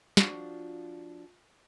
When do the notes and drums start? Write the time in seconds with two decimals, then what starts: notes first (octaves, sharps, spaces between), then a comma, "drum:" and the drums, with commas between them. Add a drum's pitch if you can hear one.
0.17 F3 D4 F4 F#4 F5, drum: snare